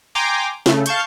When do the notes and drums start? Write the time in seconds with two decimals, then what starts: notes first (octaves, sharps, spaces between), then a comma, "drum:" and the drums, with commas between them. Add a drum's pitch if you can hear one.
0.15 G5 G#5 A#5 C6 D6
0.66 C#3 A3, drum: snare
0.86 F5 A5 C#6 G6, drum: hi-hat